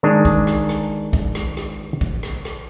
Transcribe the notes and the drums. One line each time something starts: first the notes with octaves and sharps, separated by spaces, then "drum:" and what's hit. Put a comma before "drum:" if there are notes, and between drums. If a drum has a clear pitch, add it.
D#3 G#3 D4
drum: kick A#1
drum: rim click
drum: rim click
drum: kick A#1
drum: rim click
drum: rim click
drum: kick A#1
drum: rim click
drum: rim click